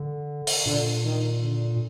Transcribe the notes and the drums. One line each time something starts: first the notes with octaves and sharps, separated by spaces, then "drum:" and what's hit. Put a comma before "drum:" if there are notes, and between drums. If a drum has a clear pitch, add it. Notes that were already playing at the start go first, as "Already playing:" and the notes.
Already playing: D3
drum: open hi-hat
A#2 D3
D#3
D3